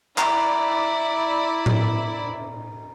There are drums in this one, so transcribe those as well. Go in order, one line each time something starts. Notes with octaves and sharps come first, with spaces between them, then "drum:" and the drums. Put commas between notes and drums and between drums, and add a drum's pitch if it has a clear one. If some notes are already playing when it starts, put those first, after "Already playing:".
E4 D5 A#5, drum: clap
drum: tom A2